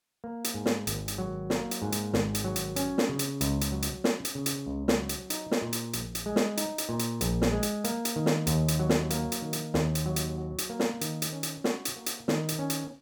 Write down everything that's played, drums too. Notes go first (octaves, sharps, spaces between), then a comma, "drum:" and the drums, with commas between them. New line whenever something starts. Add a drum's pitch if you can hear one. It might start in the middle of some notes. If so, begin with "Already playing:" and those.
A#3
drum: hi-hat
G#2
drum: snare
G#1, drum: hi-hat
drum: hi-hat
F#3
A#3, drum: snare
drum: hi-hat
G#2
drum: hi-hat
G#1, drum: snare
drum: hi-hat
F#3
drum: hi-hat
C#4, drum: hi-hat
drum: snare
C#3
drum: hi-hat
C#2, drum: hi-hat
drum: hi-hat
F#3
drum: hi-hat
C#4, drum: snare
drum: hi-hat
C#3
drum: hi-hat
C#2
drum: snare
F#3
drum: hi-hat
D#4, drum: hi-hat
drum: snare
A#2
drum: hi-hat
A#1, drum: hi-hat
drum: hi-hat
G#3
drum: snare
D#4, drum: hi-hat
drum: hi-hat
A#2
drum: hi-hat
A#1, drum: hi-hat
drum: snare
G#3
drum: hi-hat
A#3, drum: hi-hat
drum: hi-hat
D#3
drum: snare
D#2, drum: hi-hat
drum: hi-hat
F#3
drum: snare
A#3, drum: hi-hat
drum: hi-hat
D#3
drum: hi-hat
D#2, drum: snare
drum: hi-hat
F#3
drum: hi-hat
F#4
drum: hi-hat
A#3
drum: snare
D#3, drum: hi-hat
drum: hi-hat
C#4
drum: hi-hat
F#4, drum: snare
drum: hi-hat
A#3
drum: hi-hat
D#3, drum: snare
drum: hi-hat
C#4
drum: hi-hat